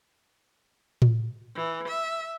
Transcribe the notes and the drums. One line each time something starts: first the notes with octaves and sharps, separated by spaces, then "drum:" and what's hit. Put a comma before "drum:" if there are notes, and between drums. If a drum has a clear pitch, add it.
drum: tom A2
E3
E5